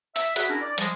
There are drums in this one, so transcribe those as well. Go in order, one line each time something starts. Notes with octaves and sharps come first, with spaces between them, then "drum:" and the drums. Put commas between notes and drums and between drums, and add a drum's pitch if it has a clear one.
E5, drum: hi-hat
F#4 G#4 F#5 B5, drum: hi-hat
C#4 D4 E4 A#4
D5
F3 G3 G#3, drum: hi-hat